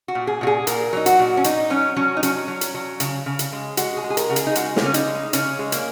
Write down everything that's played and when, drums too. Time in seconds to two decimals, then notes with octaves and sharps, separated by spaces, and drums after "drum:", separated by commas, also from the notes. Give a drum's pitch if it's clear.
0.08 F#4
0.15 A#2
0.27 G#4
0.41 A#2 F#4
0.47 G#4
0.67 A#2 A#4, drum: hi-hat
0.93 F#3 D#4
1.06 F#4, drum: hi-hat
1.19 A#2
1.37 C#4
1.44 F#3 D#4, drum: hi-hat
1.70 F#3 C#4
1.96 F#3 C#4
2.17 D#4
2.23 F#3 C#4, drum: hi-hat
2.48 F#3
2.61 drum: hi-hat
2.75 F#3
3.00 C#3, drum: hi-hat
3.26 C#3
3.39 drum: hi-hat
3.52 G#3
3.77 G#3 F#4, drum: hi-hat
3.97 G#4
4.04 G#3
4.10 G#4
4.17 A#4, drum: hi-hat
4.29 C#3 F#4
4.36 G#4, drum: hi-hat
4.47 D#4
4.55 G#3 F#4, drum: hi-hat
4.76 A#3, drum: snare
4.81 C#3 C#4
4.94 D#4, drum: hi-hat
5.08 G#3
5.33 C#3 C#4, drum: hi-hat
5.59 G#3
5.72 A#3, drum: hi-hat